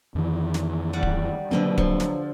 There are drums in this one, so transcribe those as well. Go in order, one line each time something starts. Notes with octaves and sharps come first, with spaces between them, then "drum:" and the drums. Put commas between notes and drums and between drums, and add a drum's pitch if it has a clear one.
F2 D#3 E3
drum: snare
G3 F#5
drum: kick D1
B2 D3 F3 F#3 A#3 C4
F3, drum: kick D1
drum: snare